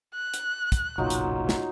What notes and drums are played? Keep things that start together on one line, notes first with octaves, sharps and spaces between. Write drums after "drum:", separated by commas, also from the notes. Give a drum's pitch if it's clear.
F#6
drum: hi-hat
drum: kick, hi-hat
F#1 B1 A#2 F#3 D#4 F4
drum: hi-hat
drum: snare